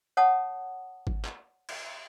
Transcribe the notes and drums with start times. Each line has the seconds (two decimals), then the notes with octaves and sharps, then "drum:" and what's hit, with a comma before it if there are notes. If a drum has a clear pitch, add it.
0.17 C#5 F#5 A5 D#6
1.07 drum: kick G#1
1.25 drum: clap
1.69 drum: cymbal